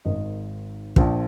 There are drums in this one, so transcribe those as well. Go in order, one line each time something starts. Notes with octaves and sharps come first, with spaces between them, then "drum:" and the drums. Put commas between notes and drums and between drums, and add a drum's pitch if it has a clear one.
G#1 G#2 D#3 D#5
A#1 A#2 F3, drum: kick